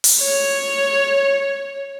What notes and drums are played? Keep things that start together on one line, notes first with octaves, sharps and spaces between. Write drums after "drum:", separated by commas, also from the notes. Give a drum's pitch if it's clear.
drum: open hi-hat
C#5